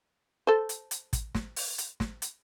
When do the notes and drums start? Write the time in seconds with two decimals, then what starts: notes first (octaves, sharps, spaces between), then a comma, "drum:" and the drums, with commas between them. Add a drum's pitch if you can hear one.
0.47 A4 C5
0.69 drum: hi-hat
0.91 drum: hi-hat
1.13 drum: kick, hi-hat
1.35 drum: snare
1.56 drum: open hi-hat
1.78 drum: hi-hat
2.00 drum: snare
2.22 drum: hi-hat